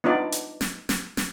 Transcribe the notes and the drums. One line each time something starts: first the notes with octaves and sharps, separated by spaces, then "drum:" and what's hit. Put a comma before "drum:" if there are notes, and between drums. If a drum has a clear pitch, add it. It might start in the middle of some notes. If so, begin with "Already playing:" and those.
B3 D4 D#4 F4 D5
drum: hi-hat
drum: snare
drum: snare
drum: snare